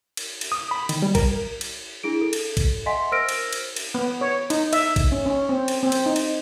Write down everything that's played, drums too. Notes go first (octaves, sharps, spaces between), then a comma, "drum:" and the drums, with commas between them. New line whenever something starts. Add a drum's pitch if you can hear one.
drum: cymbal
drum: cymbal
D#6
B5
D#3, drum: cymbal
G3
A#4, drum: kick A#1, cymbal
drum: cymbal
D4 E4 G#4 D7
A4
drum: cymbal
drum: kick A#1, cymbal
D#5 E5 F#5 G#5 C6 B6
A#4 C5 E6 F6 A#6 D7
drum: cymbal
drum: cymbal
drum: cymbal
B3
C#5
D#4, drum: cymbal
E5, drum: cymbal
drum: kick A#1, cymbal
C#4
C#4
C4
drum: cymbal
C4
drum: cymbal
D#4
drum: cymbal